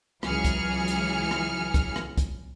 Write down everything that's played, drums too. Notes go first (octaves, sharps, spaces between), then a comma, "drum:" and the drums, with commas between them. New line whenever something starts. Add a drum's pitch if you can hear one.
C#2 E3 F#3 G#4 F6 C#7, drum: rim click
drum: kick C2, hi-hat
drum: hi-hat
drum: rim click
drum: kick C2, hi-hat
drum: rim click
drum: kick C2, hi-hat